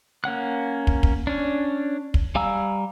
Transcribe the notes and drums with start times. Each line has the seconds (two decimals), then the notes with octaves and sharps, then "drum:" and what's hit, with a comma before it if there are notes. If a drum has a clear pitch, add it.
0.24 A#3 C#4 F#5 F#6
0.87 drum: kick
1.03 drum: kick
1.27 C#4 D4
2.14 drum: kick
2.35 G3 F5 G#5 A#5 E6